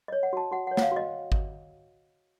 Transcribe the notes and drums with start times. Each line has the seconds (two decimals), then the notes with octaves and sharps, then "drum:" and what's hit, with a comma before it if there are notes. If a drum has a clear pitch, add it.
0.08 C#5 D#5
0.23 F#5
0.33 F#4 A5
0.51 F#4 F#5
0.67 F#5
0.71 C#5
0.77 F#5, drum: snare
0.82 F5
0.92 F#4 D#5
1.32 drum: kick G#1